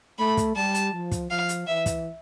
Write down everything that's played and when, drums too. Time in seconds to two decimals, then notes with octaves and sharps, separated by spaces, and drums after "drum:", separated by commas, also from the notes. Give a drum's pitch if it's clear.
0.19 A3 B5
0.37 drum: kick, hi-hat
0.55 G3 A5
0.74 drum: hi-hat
0.93 F3
1.12 drum: kick, hi-hat
1.30 F3 F5
1.49 drum: hi-hat
1.67 E3 E5
1.86 drum: kick, hi-hat